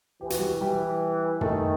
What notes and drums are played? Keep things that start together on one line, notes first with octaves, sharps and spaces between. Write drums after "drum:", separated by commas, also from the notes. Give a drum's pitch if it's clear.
E3 G4
F#4, drum: hi-hat
G3 G4
E3 G3 G4
D#3 A3 A4, drum: tom